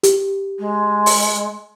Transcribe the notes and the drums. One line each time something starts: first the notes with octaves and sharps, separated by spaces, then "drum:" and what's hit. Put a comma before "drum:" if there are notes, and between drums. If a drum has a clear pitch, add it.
G4, drum: hi-hat
G#3
drum: open hi-hat